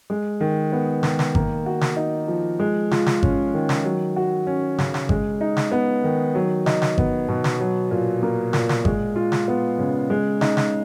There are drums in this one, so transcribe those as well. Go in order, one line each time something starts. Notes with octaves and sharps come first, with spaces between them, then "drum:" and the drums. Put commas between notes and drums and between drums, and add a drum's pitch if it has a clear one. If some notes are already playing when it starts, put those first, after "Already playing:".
G#3
D#3
B3
D#3, drum: snare
drum: snare
A#3, drum: kick G#1
F#4
drum: snare
D#4
F3
G#3
F4, drum: snare
drum: snare
C#4, drum: kick G#1
D#3
drum: snare
F#3
F#4
C#4
C#3, drum: snare
drum: snare
G#3, drum: kick G#1
D#4
drum: snare
B3
D#3
F#3
D#4, drum: snare
drum: snare
B3, drum: kick G#1
B2
drum: snare
F#3
A#2
A#3
A#2, drum: snare
drum: snare
G#3, drum: kick G#1
F4
drum: snare
B3
C#3
G#3
D#4, drum: snare
drum: snare